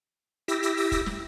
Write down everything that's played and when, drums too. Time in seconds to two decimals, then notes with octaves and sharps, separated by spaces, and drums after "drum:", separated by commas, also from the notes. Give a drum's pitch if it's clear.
0.48 E4 G4 E6 A#6, drum: hi-hat
0.63 drum: hi-hat
0.77 drum: open hi-hat
0.92 drum: kick, hi-hat
1.06 drum: snare